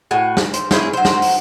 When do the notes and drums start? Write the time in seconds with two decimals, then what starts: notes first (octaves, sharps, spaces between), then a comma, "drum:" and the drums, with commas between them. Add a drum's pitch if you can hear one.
0.11 A2 F#4 G#5
0.37 drum: snare
0.54 C5, drum: hi-hat
0.71 C4 C#4 E4 G#4, drum: snare
0.93 F#3 C5
1.05 drum: snare
1.22 drum: open hi-hat